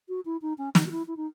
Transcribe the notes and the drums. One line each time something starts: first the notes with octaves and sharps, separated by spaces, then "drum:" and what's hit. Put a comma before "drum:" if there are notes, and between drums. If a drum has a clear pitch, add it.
F#4
E4
D#4
C#4
D#4, drum: snare
F#4
E4
E4
D#4